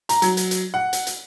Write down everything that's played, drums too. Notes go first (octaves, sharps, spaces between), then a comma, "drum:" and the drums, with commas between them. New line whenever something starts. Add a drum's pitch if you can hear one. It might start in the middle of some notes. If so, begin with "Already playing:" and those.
A#5, drum: hi-hat
F#3, drum: hi-hat
drum: hi-hat
drum: hi-hat
F#5
drum: hi-hat
drum: hi-hat